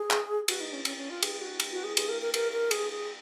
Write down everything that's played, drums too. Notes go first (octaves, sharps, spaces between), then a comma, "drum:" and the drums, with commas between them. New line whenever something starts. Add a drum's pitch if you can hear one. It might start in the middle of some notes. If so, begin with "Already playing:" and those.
Already playing: G#4
drum: clap
F#4, drum: cymbal
D#4
C#4
C#4, drum: cymbal
C#4
F4
G#4, drum: cymbal
F#4
drum: cymbal
F#4
G#4
G#4, drum: cymbal
A#4
A#4
A#4, drum: cymbal
A#4
G#4, drum: cymbal
G#4